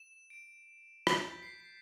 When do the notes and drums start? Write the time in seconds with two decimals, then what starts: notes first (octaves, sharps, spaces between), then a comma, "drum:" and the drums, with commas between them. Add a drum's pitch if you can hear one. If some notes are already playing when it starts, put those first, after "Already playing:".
Already playing: E7
0.30 D7
1.07 G6, drum: rim click
1.20 A6
1.31 B6
1.42 C7
1.60 C7